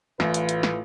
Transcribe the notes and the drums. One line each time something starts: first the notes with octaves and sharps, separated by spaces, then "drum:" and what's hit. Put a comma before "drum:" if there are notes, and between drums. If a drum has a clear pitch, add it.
A1 A2 F4 B4, drum: snare
drum: hi-hat
drum: hi-hat
drum: snare